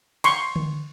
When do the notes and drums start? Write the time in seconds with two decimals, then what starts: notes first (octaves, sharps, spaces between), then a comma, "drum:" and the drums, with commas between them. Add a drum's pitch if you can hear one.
0.24 C6 C#6, drum: cymbal
0.56 drum: tom D3